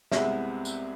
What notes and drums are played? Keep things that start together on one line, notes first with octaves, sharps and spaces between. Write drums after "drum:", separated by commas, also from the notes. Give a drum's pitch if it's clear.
C2 C3 G#3 B3 E4 E5, drum: snare
drum: tambourine